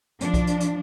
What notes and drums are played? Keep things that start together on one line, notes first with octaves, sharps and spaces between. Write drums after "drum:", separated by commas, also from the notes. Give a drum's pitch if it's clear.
F3 D4, drum: hi-hat
drum: kick B1, hi-hat
drum: hi-hat
drum: hi-hat